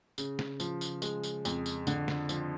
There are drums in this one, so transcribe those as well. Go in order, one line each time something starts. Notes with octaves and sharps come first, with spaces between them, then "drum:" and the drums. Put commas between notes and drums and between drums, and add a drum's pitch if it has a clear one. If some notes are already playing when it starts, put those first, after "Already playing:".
C#3, drum: tambourine
drum: snare
F3, drum: tambourine
drum: tambourine
G#3, drum: tambourine
drum: tambourine
F2, drum: tambourine
drum: tambourine
D3, drum: tambourine
drum: snare
F3, drum: tambourine